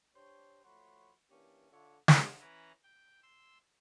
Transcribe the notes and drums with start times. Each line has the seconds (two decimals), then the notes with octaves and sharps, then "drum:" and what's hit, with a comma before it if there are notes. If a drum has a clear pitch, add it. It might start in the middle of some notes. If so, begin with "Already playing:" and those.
0.15 D4 G4 C5 C#5
0.64 F3 A3 F#4 C#5 B5 C6
1.30 E3 A#3 C#4 D4 G4
1.71 D3 F4 C#5 E5
2.08 drum: snare
2.40 E3 C#4 E4 B4 A#5
2.83 G5
3.23 C6 E6